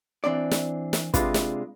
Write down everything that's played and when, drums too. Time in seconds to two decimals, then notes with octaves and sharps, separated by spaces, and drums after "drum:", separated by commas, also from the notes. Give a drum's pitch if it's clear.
0.24 E3 C4 D4 D5
0.51 drum: snare
0.93 drum: snare
1.14 C3 G#3 D4 F4 B4, drum: kick, hi-hat
1.34 drum: snare